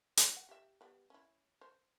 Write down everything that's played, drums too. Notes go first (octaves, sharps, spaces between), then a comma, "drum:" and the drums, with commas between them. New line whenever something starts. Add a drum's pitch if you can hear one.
D#4 F4, drum: hi-hat
F#5
G4 E5
G3 B3
C#4 E4
C5